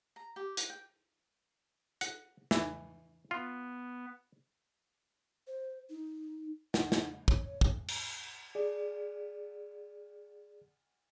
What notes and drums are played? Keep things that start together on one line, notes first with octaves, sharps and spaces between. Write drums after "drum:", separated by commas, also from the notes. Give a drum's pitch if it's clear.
A#5
G4
F#5, drum: hi-hat
G5
F#5, drum: hi-hat
E3, drum: snare
B3 F4
C5
D#4
F#5, drum: snare
drum: snare
C#5, drum: kick
drum: kick
drum: cymbal
G#4 D5